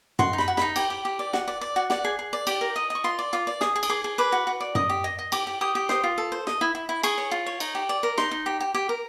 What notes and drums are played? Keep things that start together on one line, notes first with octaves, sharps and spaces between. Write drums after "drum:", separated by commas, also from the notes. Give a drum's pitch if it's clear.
F#4 C6, drum: tom F#2
D#4
B5, drum: snare
F#4
D#4 B5, drum: snare
G4 G5, drum: cymbal
G4
G4
D5
F#4, drum: snare
D5
D5
F#4
D5 F#5, drum: snare
G#4
G#4
D5
G4, drum: cymbal
A#4
D#5
D#5 C#6
F4 C6
D5
F4 D6
D5
G#4 D#6, drum: snare
G#4
D#6, drum: cymbal
G#4 D6
G#4
B4 D6
F#4
F#4
D5
D#5 D#6, drum: tom F#2
G4
D#5
D#5
G4 D6, drum: cymbal
G4
G4 D#6
G4
C5 D#6, drum: snare
F4
A4
C5
D#5, drum: snare
E4
E4
E4
G#4 C#6, drum: cymbal
C#5
F4
C#5
D#4, drum: cymbal
G4
D5
A#4
D#4 C6, drum: snare
D#4
G4
G4
G4
A#4